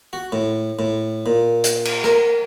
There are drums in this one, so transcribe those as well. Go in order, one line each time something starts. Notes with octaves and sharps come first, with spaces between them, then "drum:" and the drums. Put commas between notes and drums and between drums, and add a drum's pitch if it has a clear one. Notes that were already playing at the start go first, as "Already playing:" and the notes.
F#4
A2
A2
A#2
drum: hi-hat
drum: cymbal
A#4, drum: rim click